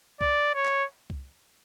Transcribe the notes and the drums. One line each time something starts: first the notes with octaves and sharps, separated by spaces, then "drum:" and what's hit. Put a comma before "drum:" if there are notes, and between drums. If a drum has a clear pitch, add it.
D5, drum: kick C2
C#5
drum: clap
drum: kick C2